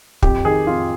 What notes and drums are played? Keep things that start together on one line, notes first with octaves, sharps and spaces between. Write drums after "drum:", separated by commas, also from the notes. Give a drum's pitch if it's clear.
F2 G4, drum: kick
D#3 G#4
F2 F4